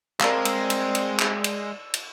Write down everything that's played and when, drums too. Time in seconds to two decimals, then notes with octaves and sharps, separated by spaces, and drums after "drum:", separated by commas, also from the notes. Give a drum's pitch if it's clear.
0.20 G#3 C4 A#4 D5 F5 E6, drum: clap
0.45 drum: cymbal
0.70 drum: cymbal
0.95 drum: cymbal
1.19 drum: clap
1.44 drum: cymbal
1.94 drum: cymbal